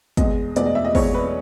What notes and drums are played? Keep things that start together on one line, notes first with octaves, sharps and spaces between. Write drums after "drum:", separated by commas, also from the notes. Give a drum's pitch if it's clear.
E2 B2 G#3 D#5, drum: kick, hi-hat
E2 B2 G#3 D5, drum: hi-hat
D#5
E5
D#5
E2 B2 G#3 C#5, drum: kick, open hi-hat
B4